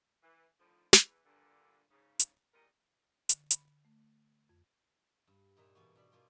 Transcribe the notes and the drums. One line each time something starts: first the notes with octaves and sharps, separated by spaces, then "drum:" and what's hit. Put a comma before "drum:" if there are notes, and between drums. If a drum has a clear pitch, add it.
E3
A2 D3 D#3 F3
E2 E3, drum: snare
G2 A#2 D3
G#2 C#3
drum: hi-hat
E2 A#2 E3 G3 A#4 D#5
D3, drum: hi-hat
B5, drum: hi-hat
A3
F2
G2
A#2 D#4 A#4 E5 A#5
G#2 B2 E3 A#3 B3 F#4
B2 D4 B5
B2 A#3 F4 C5 G5